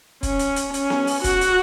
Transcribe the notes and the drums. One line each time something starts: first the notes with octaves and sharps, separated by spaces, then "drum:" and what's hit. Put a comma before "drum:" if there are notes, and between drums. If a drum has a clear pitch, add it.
C#4, drum: kick, hi-hat
drum: hi-hat
drum: hi-hat
C#4, drum: hi-hat
drum: snare B3
drum: open hi-hat
F#4, drum: kick, hi-hat
drum: hi-hat